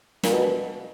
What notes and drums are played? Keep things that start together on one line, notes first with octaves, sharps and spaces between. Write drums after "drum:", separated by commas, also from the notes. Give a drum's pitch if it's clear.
A#2, drum: snare
B2